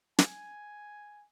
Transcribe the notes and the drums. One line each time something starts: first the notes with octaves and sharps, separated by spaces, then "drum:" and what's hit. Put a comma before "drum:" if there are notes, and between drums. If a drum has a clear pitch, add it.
G#5, drum: snare